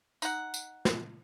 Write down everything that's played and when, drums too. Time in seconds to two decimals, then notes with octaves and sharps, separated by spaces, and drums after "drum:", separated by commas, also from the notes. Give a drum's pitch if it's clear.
0.22 D#4 F#5, drum: tambourine
0.54 drum: tambourine
0.85 drum: snare